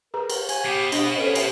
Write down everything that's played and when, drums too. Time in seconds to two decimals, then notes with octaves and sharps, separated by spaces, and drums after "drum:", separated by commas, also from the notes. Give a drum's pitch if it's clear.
0.14 G#4 A#4 B4 A#5
0.30 drum: cymbal
0.49 G#5, drum: cymbal
0.65 B2 G4
0.92 D4 D#5, drum: cymbal
1.17 C#4 A4 B4 C5
1.35 G4 E5 G#5, drum: cymbal